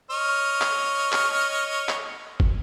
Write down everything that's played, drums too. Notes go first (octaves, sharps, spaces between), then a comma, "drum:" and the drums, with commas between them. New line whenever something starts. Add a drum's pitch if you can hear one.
C#5 D#5 F6
drum: clap
drum: clap
drum: clap
drum: kick